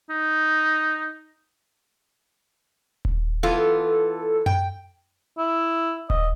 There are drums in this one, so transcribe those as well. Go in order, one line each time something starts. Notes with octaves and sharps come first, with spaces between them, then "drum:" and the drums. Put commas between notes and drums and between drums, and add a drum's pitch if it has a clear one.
D#4
drum: kick D#1
E3 B3 F4 A4
G5, drum: tom F#2
E4
D#5, drum: kick D#1